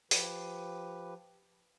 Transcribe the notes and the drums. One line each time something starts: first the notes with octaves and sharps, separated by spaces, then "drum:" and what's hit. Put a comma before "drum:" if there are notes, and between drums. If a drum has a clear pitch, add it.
F3 G4 B4, drum: open hi-hat